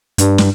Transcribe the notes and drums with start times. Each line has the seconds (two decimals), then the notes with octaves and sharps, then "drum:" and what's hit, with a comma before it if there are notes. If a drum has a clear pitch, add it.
0.18 G2, drum: hi-hat
0.38 drum: snare